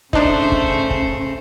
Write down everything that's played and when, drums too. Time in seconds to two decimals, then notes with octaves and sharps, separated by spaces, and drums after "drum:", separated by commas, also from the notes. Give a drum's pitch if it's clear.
0.13 C#3 A3 D4 D#4 C5, drum: kick
0.52 drum: kick
0.90 drum: kick